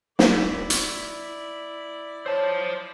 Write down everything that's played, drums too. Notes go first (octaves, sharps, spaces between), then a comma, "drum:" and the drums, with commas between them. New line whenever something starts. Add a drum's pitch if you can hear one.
E4 D5, drum: snare
drum: hi-hat
C5 C#5 A5